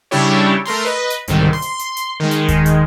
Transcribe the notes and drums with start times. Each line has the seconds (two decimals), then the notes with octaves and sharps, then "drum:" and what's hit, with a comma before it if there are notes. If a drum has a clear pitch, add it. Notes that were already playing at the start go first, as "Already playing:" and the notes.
0.11 C#3 G3 D4 E4 G4 C#5
0.65 A3 A#4 A#5 C6
0.85 B4 D#5
1.10 drum: hi-hat
1.28 G1 C2 G#2 C3 D#3, drum: hi-hat
1.53 C6
1.62 drum: hi-hat
1.79 drum: hi-hat
1.97 drum: hi-hat
2.20 D#3 G#3
2.31 drum: hi-hat
2.48 drum: kick D#1, hi-hat
2.66 drum: hi-hat